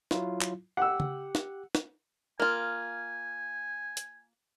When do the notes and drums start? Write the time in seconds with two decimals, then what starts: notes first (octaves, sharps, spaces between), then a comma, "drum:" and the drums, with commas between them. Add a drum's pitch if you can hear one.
0.11 F#3 E4 F4, drum: snare
0.41 drum: clap
0.77 G4 F#5 E6
1.00 drum: tom C#3
1.35 drum: snare
1.75 drum: snare
2.40 A#3 F4 G#5
3.97 drum: hi-hat